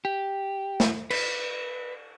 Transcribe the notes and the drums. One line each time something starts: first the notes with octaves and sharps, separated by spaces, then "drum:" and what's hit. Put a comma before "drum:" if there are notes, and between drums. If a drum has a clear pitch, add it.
G4
drum: snare
B4, drum: cymbal